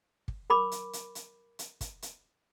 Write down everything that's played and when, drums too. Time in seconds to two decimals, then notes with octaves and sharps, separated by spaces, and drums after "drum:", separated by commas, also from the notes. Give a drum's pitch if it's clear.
0.28 drum: kick
0.50 A#4 B5 D6
0.72 drum: hi-hat
0.93 drum: hi-hat
1.15 drum: hi-hat
1.59 drum: hi-hat
1.81 drum: kick, hi-hat
2.02 drum: hi-hat